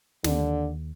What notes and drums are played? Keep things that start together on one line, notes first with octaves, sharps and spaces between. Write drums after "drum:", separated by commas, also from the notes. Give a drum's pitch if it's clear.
D#2 D3, drum: snare